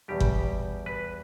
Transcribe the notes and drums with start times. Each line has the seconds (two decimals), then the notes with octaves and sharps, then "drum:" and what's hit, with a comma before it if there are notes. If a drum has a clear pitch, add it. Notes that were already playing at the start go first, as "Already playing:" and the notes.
0.08 E2 B2 G3 G4
0.20 drum: kick G1
0.86 B4